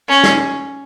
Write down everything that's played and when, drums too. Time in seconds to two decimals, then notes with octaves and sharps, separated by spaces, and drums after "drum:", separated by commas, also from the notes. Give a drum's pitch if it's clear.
0.09 C#4
0.24 drum: snare